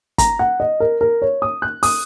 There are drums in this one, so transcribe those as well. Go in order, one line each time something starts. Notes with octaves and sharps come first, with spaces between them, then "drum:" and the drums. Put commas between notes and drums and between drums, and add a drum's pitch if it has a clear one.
A#5, drum: kick, hi-hat
F#5
D#5
A#4
A#4
C#5
D#6
F#6
D#6, drum: open hi-hat